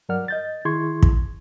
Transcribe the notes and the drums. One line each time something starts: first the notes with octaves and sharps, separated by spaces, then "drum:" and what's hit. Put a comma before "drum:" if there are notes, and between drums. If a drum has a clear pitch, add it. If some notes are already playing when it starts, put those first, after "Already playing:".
G2 F#3 A#4 D5 F#5 F6
D#5 G6 A6
D#3 E4 G#4 C6 C#6 G#6
drum: kick